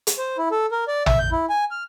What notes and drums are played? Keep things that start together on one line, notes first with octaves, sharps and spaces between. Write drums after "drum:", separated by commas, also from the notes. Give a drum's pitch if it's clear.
drum: hi-hat
C5
E4
A4
A#4
D5
E5, drum: tom
G6
E4
G#5
F6